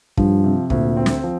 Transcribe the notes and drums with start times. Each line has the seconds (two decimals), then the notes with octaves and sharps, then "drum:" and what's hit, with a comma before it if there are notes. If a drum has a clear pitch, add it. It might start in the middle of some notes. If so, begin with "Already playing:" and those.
0.17 G2 F3, drum: kick
0.44 C3
0.70 D2 A#2, drum: kick
0.97 C4
1.06 drum: snare
1.24 F3